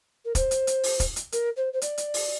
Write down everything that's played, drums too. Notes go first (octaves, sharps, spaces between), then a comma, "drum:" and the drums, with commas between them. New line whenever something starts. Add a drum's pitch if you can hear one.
A#4
C5, drum: kick, hi-hat
drum: hi-hat
drum: hi-hat
drum: open hi-hat
drum: kick, hi-hat
drum: hi-hat
A#4, drum: hi-hat
C5
C5
D5, drum: hi-hat
drum: hi-hat
drum: open hi-hat